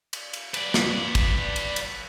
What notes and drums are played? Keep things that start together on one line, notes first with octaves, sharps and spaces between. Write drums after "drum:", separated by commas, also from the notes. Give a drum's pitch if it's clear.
drum: cymbal
drum: cymbal
B4 D5, drum: cymbal
drum: snare
drum: kick, cymbal
drum: cymbal
drum: cymbal